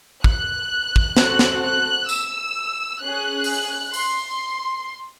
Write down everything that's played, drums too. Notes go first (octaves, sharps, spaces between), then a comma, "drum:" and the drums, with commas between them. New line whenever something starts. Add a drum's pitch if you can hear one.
F#6, drum: kick
drum: kick
C4 F#4 A4 F#6, drum: snare
drum: snare
F#6
E6, drum: tambourine
C#4 G#4 F#6
drum: open hi-hat
C6, drum: open hi-hat